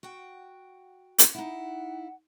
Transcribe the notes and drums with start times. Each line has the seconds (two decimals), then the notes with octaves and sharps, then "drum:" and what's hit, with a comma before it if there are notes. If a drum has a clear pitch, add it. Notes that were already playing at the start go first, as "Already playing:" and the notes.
0.03 F#4 F#5 G5
1.19 drum: hi-hat
1.35 D#4 E4 F#5